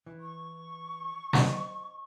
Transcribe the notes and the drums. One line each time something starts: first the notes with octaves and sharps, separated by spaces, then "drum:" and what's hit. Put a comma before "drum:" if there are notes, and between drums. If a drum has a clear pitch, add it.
E3
C#6
C5 D#5, drum: snare